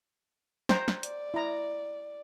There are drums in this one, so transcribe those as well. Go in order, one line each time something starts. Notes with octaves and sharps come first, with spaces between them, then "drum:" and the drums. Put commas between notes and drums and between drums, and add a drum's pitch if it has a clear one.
C5 G5 A#5, drum: snare
drum: snare
D5, drum: hi-hat
E4 A#5